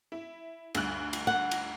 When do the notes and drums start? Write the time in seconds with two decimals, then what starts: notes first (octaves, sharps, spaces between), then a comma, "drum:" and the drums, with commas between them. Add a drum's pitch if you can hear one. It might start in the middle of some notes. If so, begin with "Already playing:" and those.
0.12 E4
0.75 D2 G2 F#6, drum: cymbal
1.13 drum: cymbal
1.27 F#5
1.51 drum: cymbal